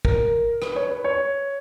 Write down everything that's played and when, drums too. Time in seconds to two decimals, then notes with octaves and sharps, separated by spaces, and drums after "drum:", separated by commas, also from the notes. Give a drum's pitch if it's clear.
0.05 A#4, drum: kick
0.62 B4, drum: rim click
0.76 C#5
0.91 B4
1.04 C#5